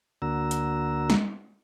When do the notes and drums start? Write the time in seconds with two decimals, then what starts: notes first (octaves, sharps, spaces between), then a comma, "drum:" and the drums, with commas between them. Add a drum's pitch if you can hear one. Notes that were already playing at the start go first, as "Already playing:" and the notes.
0.22 D2 D3 A#3 F#4 A#5 E6
0.51 drum: hi-hat
1.10 drum: snare